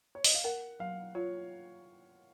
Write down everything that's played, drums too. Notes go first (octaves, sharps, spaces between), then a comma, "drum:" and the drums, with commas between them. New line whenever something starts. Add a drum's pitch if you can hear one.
C#5
D#5, drum: open hi-hat
F5
A#4 F#5
F#3 F5
F4 C#5